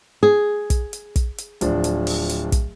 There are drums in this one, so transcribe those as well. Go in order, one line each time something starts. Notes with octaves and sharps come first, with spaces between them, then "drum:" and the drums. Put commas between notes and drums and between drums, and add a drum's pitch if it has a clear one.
G#4
drum: kick, hi-hat
drum: hi-hat
drum: kick, hi-hat
drum: hi-hat
D1 F3 D4, drum: hi-hat
drum: hi-hat
drum: open hi-hat
drum: hi-hat
drum: kick, hi-hat